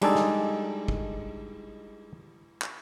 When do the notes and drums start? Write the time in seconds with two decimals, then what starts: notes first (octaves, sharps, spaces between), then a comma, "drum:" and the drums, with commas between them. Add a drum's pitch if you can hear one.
0.02 G3 G#3 D4 D#4 G#4 A4, drum: cymbal
0.15 drum: snare
0.88 drum: kick
2.62 drum: clap